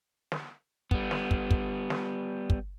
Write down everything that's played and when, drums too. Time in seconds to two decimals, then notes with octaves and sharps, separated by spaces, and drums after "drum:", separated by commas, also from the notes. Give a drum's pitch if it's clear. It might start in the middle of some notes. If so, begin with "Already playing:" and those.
0.32 drum: snare
0.91 G3 B3, drum: kick
1.11 drum: snare
1.31 drum: kick
1.51 drum: kick
1.90 drum: snare
2.50 drum: kick